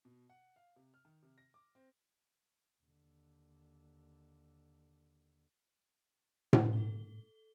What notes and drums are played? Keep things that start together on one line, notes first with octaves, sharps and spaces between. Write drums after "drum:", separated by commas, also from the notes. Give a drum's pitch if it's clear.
B2
F#5
F5
C3
F6
D#3
C3
A#6
D6
C4
D#2 D3
drum: tom A2
A4 G7